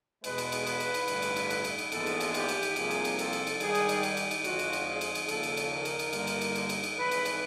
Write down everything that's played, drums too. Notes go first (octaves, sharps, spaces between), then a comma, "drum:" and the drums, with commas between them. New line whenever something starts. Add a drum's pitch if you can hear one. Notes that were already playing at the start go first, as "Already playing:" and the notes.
E2 B2 G#3 B4, drum: cymbal
drum: cymbal
drum: cymbal
B4, drum: cymbal
drum: cymbal
drum: cymbal
A1 G2 D3, drum: cymbal
drum: cymbal
drum: cymbal
drum: cymbal
drum: cymbal
drum: cymbal
A#1 G#2 E3 G#3 B3 A4, drum: cymbal
drum: cymbal
drum: cymbal
G4, drum: cymbal
drum: cymbal
drum: cymbal
C2 C3 F3 A#3 G#4, drum: cymbal
drum: cymbal
drum: cymbal
A4, drum: cymbal
drum: cymbal
drum: cymbal
G#2 D#3 G3 G#4, drum: cymbal
drum: cymbal
drum: cymbal
G4, drum: cymbal
drum: cymbal
drum: cymbal
F2 D3 F3 G#3 F#4, drum: cymbal
drum: cymbal
drum: cymbal
G#4
drum: cymbal
drum: cymbal
D#2 C#3 F3 A#3 A4, drum: cymbal
drum: cymbal
drum: cymbal
A#4
drum: cymbal
drum: cymbal
G2 D3 G3 A#3, drum: cymbal
drum: cymbal
drum: cymbal
drum: cymbal
drum: cymbal
drum: cymbal
G#1 G#2 E3 B4
drum: cymbal
drum: cymbal